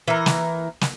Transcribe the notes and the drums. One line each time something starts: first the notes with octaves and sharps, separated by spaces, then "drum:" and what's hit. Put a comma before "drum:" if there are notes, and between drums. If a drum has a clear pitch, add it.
E3 A#4
drum: snare
drum: snare